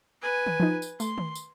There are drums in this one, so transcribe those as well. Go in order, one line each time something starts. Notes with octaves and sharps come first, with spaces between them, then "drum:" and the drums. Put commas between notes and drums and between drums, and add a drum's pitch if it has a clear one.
B4 G#5
drum: tom D#3
F3 D#4
drum: tambourine
A3 C6, drum: tambourine
drum: tom D#3
drum: tambourine